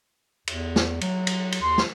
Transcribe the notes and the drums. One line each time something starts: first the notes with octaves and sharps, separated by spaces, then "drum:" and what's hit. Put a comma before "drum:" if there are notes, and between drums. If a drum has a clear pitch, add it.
E2, drum: cymbal
drum: snare
F#3, drum: cymbal
drum: cymbal
drum: cymbal
D#2 C6
drum: snare